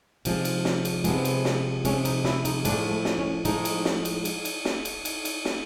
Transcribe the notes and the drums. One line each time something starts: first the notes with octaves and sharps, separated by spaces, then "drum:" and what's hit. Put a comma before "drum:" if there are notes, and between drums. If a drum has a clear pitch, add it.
C3 F3 G#3, drum: cymbal
drum: cymbal
drum: snare
drum: cymbal
C3 F3 G#3 B3, drum: cymbal
drum: cymbal
drum: snare
C3 F3 G#3 C#4, drum: cymbal
D#4, drum: cymbal
E4, drum: snare
D#4, drum: cymbal
A2 F3 G#3 D4, drum: cymbal
A3
drum: snare
C#4
A2 F3 G#3 D#4, drum: cymbal
drum: cymbal
drum: snare
drum: cymbal
drum: cymbal
drum: cymbal
drum: snare
drum: cymbal
drum: cymbal
drum: cymbal
drum: snare